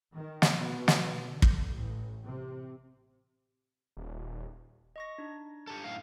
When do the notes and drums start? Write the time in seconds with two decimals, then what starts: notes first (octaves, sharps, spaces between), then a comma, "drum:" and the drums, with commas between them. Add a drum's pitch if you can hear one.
0.14 D#3
0.42 drum: snare
0.55 B2
0.88 drum: snare
1.22 D3
1.42 drum: kick
1.72 A1
2.25 C3
3.97 D#1
4.96 D#5 C#6 A#6
5.18 D4 D#4
5.67 G4 A4
5.84 F#2 A2 F5